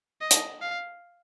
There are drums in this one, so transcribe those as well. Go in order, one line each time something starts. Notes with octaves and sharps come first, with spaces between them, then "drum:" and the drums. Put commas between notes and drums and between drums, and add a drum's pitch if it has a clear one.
D#5
drum: hi-hat
F5